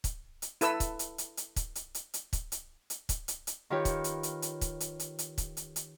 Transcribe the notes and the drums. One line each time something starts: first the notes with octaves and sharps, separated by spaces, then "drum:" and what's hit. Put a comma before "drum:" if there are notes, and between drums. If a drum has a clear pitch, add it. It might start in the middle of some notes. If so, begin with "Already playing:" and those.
drum: kick, hi-hat
drum: hi-hat
E4 A4 B4 E6, drum: hi-hat
drum: kick, hi-hat
drum: hi-hat
drum: hi-hat
drum: hi-hat
drum: kick, hi-hat
drum: hi-hat
drum: hi-hat
drum: hi-hat
drum: kick, hi-hat
drum: hi-hat
drum: hi-hat
drum: kick, hi-hat
drum: hi-hat
drum: hi-hat
D#3 F4 G4 B4 C#5
drum: kick, hi-hat
drum: hi-hat
drum: hi-hat
drum: hi-hat
drum: kick, hi-hat
drum: hi-hat
drum: hi-hat
drum: hi-hat
drum: kick, hi-hat
drum: hi-hat
drum: hi-hat